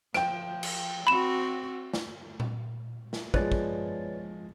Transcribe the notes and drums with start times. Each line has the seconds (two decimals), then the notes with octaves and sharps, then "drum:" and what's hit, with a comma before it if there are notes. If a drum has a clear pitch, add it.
0.14 F3 G5 D7, drum: rim click
0.63 drum: cymbal
1.07 C4 F#4 B5 E7
1.93 drum: snare
2.40 drum: tom A#2
3.13 drum: snare
3.34 F3 G#3 B4 C#5 D5, drum: kick
3.52 drum: kick